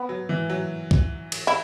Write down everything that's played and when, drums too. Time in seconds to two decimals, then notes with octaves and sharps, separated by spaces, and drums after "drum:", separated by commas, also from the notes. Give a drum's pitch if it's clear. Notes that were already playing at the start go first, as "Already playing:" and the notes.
Already playing: B3
0.09 F#3
0.29 E3
0.50 F#3
0.91 drum: kick
1.32 drum: cymbal
1.47 E4